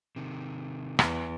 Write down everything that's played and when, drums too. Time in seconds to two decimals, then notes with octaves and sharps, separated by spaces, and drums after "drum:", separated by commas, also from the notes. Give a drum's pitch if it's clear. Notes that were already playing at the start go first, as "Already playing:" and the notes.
0.16 C3 D#3
0.99 E2, drum: rim click